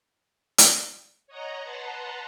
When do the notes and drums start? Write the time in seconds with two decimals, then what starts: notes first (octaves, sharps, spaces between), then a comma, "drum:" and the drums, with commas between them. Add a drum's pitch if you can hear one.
0.58 drum: hi-hat
1.27 C#5 D#5 F#5 A#5
1.63 B4 F#5 A5 A#5 C6